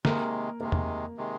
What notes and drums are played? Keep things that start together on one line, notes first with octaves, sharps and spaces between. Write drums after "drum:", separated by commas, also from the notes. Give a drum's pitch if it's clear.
C3 D#3 G#3 A#3 A#4, drum: snare
C3 D#3 G#3 A#3 A#4
drum: tom E2
C3 D#3 G#3